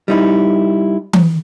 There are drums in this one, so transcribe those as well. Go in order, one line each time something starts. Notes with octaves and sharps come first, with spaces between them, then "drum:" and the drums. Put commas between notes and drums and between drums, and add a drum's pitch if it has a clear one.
G3 D#4 E4
drum: tom E3